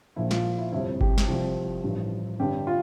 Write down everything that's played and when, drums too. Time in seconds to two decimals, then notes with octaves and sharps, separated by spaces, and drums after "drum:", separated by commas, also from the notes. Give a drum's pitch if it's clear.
0.16 A#1 A#2 F3 E4
0.31 F4, drum: snare
0.58 E4
0.72 G1 F2 C3 E4
1.01 G4, drum: kick G1
1.18 drum: snare
1.28 C2 C3 F3
1.83 A1 G2 F3
2.39 G1 G2 D3 G3 G4
2.67 F4